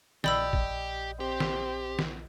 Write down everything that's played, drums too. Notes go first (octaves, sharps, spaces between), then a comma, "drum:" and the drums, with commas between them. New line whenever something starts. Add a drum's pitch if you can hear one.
A#1 G4 D5 D#5 G5 B5 E6 G6, drum: snare
drum: kick
C4 G4
drum: snare
drum: snare